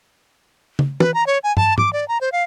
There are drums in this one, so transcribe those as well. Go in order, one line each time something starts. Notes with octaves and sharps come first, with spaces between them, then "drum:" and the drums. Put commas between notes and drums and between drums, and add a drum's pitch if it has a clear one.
drum: tom
B4, drum: tom
A#5
C#5
G#5
A5, drum: tom
D6, drum: tom
D5
A#5
C5
F5